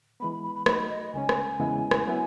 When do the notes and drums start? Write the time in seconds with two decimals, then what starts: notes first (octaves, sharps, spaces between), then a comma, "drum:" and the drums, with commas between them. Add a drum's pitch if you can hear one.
0.20 E3 G#3 B3 B5
0.32 B5
0.43 B5
0.55 B5
0.66 F#3 A3 D#4 F#4 B5, drum: rim click
0.78 B5
0.90 D#5
1.02 D#5
1.14 C#2 C#3 G#3 C#4 G#5
1.29 drum: rim click
1.60 E2 C#3 G#3 B3 E4
1.91 drum: rim click
2.07 F#3 B3 E4